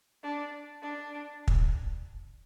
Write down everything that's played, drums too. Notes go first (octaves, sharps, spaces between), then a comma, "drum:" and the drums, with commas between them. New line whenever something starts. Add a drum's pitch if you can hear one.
D4
D4
drum: kick